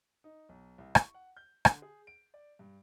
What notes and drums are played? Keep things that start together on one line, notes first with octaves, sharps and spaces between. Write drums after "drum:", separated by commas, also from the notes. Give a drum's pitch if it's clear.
D#4
B1
C2
C#6, drum: rim click
F#5
G6
D3, drum: rim click
G#4
D7
D5
G2